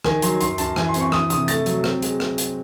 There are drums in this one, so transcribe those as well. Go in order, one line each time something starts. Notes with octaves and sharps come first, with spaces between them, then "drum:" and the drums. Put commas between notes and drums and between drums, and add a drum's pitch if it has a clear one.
D#3 G#5, drum: rim click
F#3 C6, drum: hi-hat
F#2 C6, drum: hi-hat
F#2 A5, drum: hi-hat
E3 G#5, drum: rim click
C6
C4, drum: hi-hat
C#6
E3 D#6, drum: rim click
C3 D#6, drum: hi-hat
A3 A6, drum: hi-hat
F#3, drum: hi-hat
C4, drum: rim click
G#3, drum: hi-hat
drum: rim click
drum: hi-hat